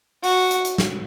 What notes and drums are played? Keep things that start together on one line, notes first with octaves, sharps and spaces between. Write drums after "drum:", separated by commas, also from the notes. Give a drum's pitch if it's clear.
F#4, drum: open hi-hat
drum: hi-hat
drum: hi-hat
drum: snare